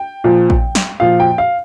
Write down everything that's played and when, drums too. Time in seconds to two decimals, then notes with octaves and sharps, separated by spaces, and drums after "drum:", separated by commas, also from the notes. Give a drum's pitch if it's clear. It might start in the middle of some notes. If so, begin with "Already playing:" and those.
Already playing: G5
0.24 A#2 F3
0.50 drum: kick A#1
0.75 drum: snare
1.00 A#2 F3 F5
1.20 G5
1.38 F5